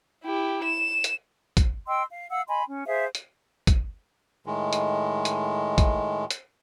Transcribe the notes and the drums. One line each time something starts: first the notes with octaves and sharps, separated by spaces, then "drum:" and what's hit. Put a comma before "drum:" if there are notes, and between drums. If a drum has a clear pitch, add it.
E4 G4
E7
drum: hi-hat
drum: kick, hi-hat
D#5 G5 C6 E6
F5
F5 F#5 E6
D#5 G#5 B5 C6
C#4
G#4 C5 E5 F5
drum: hi-hat
drum: kick, hi-hat
A2 D#3 G#3
drum: hi-hat
drum: hi-hat
drum: kick, hi-hat
drum: hi-hat